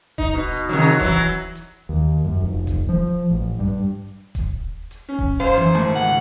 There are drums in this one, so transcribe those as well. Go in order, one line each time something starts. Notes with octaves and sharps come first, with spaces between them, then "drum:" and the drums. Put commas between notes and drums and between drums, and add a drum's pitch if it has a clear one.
D#4, drum: kick D#1
B2
C3 D#3 F#3
E3 F#3, drum: kick D#1, hi-hat
drum: hi-hat
D#2
F#2
F1
drum: kick D#1, hi-hat
F3
A1
G2
drum: kick D#1, hi-hat
drum: hi-hat
C#4
drum: kick D#1
F#2 C5 F5
E3
G#1 A3
C#2 F#5